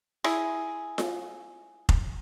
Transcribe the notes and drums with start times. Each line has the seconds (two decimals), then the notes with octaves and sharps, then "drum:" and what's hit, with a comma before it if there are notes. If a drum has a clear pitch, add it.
0.24 E4 G#4, drum: rim click
0.98 drum: snare F4
1.89 drum: kick F1